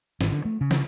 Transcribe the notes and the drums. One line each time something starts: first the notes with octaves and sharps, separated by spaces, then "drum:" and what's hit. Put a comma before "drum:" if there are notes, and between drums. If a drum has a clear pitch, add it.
G#1, drum: snare
D3
A3
C#3
drum: snare